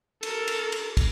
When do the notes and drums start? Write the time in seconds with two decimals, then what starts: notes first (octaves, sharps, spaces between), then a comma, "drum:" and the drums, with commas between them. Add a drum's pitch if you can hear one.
0.23 A4 A#4, drum: cymbal
0.47 drum: cymbal
0.72 drum: cymbal
0.97 drum: kick, cymbal